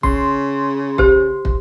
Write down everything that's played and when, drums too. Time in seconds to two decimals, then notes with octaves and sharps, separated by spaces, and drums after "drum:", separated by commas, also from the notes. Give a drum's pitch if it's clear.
0.03 C#3 C6, drum: kick
0.98 G4 C5, drum: kick
1.45 drum: kick